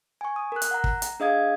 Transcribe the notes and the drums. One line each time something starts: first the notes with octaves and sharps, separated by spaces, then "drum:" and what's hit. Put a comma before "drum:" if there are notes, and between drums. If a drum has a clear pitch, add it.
G#5 C#6
D#6
A#4 F#6
drum: hi-hat
F#5 A#5
drum: kick
drum: hi-hat
D4 G#4 D#5 F5 D#6 G#6